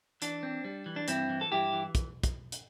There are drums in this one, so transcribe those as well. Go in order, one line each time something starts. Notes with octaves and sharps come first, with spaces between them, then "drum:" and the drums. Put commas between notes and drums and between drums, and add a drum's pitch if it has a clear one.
E3 D4, drum: hi-hat
C4
G3
E3
D4
G2 C4 E4, drum: hi-hat
E3
A4
G2 E4 G4
E3
drum: kick, hi-hat
drum: kick, hi-hat
drum: hi-hat